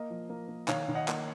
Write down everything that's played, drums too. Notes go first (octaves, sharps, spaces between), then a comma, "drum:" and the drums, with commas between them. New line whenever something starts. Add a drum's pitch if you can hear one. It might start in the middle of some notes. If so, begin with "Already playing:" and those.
Already playing: A#3 D#5
F3
A#3
A#3
D#3 C#5 F5, drum: clap
D#3
D#5 F#5
A#3, drum: clap